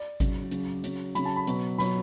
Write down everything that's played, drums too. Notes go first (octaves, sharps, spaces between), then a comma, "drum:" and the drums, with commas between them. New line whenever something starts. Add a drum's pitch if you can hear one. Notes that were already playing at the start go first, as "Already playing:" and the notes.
Already playing: D5
C#3 F#3, drum: kick G#1, hi-hat
C#3 F#3, drum: hi-hat
C#3 F#3, drum: hi-hat
C#3 F#3 B5, drum: hi-hat
A5
B5
B2 F#3, drum: hi-hat
B2 F#3 B5, drum: snare